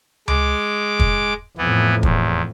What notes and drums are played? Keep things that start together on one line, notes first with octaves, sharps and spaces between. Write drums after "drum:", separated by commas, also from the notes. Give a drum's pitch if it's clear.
G#3 D6, drum: tom C#2
drum: kick
F2 A2 E3 B3
E2, drum: kick